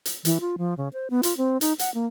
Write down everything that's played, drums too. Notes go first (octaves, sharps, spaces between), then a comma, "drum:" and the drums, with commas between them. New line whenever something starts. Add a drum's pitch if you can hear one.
drum: hi-hat
E3, drum: hi-hat
F4
F3
C#3
C5
B3
F4, drum: hi-hat
C4
D#4, drum: hi-hat
F#5, drum: hi-hat
A#3